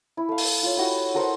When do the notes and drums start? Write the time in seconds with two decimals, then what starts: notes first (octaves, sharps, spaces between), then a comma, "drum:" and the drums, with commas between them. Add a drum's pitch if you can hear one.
0.17 E4
0.29 A3 F5
0.38 drum: open hi-hat
0.63 F4 C#5
0.77 E4 F#4 G4
1.14 F#4 A4 A#4 C5